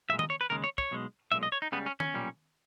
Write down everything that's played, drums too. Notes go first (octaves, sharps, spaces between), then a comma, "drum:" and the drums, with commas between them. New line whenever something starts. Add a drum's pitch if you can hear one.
B1 A#2 G#3 E5
D#5, drum: tom D#3
C#5
B4
D#2 C#3 G#3 A#4
C#5
C#5, drum: kick
B1 B2 G#3
B1 A#2 G#3 E5
D#5
C#5
D#4
C#2 C#3 G3 B3
C#4
C#4, drum: tom D#3
B1 A#2 G3